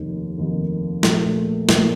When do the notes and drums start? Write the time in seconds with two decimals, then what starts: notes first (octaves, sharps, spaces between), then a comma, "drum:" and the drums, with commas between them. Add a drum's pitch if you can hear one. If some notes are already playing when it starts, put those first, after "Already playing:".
Already playing: F1 D#2 D#3
0.37 F1 D#2 D#3
1.03 A#1 A#2 A3, drum: snare
1.69 A#1 A#2 A3, drum: snare